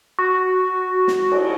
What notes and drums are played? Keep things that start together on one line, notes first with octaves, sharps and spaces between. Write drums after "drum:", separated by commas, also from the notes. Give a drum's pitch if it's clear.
F#4
drum: snare
drum: cymbal